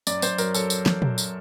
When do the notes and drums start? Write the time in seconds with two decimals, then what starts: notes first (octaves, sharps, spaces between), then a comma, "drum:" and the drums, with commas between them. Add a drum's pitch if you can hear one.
0.07 F#2 D5, drum: tambourine
0.22 F#2 C5, drum: tambourine
0.38 F#3 A#4, drum: tambourine
0.54 F#3 A4, drum: tambourine
0.70 drum: tambourine
0.86 drum: snare
1.02 drum: tom A#2
1.18 drum: tambourine